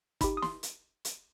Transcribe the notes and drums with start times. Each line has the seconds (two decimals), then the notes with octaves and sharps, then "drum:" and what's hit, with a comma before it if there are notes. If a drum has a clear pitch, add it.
0.21 D#4 G4 B5, drum: kick, hi-hat
0.37 D#6
0.42 C6, drum: snare
0.63 drum: hi-hat
1.05 drum: hi-hat